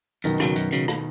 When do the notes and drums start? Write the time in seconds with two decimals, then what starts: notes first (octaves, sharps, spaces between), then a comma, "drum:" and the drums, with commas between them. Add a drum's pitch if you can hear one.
0.24 F#2 B2 D#3, drum: hi-hat
0.40 C#3 F#3, drum: rim click
0.56 F#2, drum: hi-hat
0.72 C#3 F#3, drum: hi-hat
0.88 drum: rim click